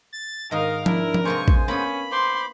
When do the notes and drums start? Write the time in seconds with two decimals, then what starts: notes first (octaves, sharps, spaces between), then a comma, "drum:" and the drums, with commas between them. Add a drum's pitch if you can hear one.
0.13 A6
0.51 G#2 D#3 A#4 D#5 F5
0.86 D4 E4 A#4, drum: tom F3
1.14 drum: tom F3
1.25 C3 G#3 A#3 B3 C5 G#5 C#6
1.48 drum: kick
1.68 A#3 B3 C#4 B5
2.12 C5 C6 D6